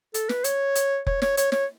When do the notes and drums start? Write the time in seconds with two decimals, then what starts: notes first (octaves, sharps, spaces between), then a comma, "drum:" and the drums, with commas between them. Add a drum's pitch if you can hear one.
0.14 A4, drum: hi-hat
0.29 B4, drum: snare
0.44 C#5, drum: hi-hat
0.75 drum: hi-hat
1.07 C#5, drum: kick F1
1.22 C#5, drum: snare
1.37 C#5, drum: hi-hat
1.52 C#5, drum: snare